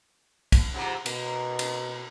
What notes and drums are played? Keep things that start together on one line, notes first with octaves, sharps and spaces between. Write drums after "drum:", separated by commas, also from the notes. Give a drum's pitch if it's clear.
drum: kick, cymbal
G#2 C3 F3
B2 A#3, drum: cymbal
drum: cymbal